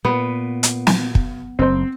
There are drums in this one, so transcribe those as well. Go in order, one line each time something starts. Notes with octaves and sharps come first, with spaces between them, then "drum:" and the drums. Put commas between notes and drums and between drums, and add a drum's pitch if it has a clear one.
A#2 B3
drum: hi-hat
drum: snare
drum: kick
F#1 C4 C5